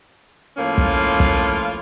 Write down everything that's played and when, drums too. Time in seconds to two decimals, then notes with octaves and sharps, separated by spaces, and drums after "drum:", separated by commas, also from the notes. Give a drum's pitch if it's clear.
0.57 A2 F3 A#3 C#4 F4
0.78 drum: kick
1.20 drum: kick